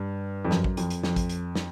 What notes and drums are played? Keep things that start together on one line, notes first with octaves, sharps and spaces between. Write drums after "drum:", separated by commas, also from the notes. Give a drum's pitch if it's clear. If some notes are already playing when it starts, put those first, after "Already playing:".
Already playing: G2
F2
F#2, drum: snare
drum: kick A1
F2, drum: hi-hat
drum: hi-hat
F2, drum: snare
drum: kick A1, hi-hat
drum: hi-hat
drum: snare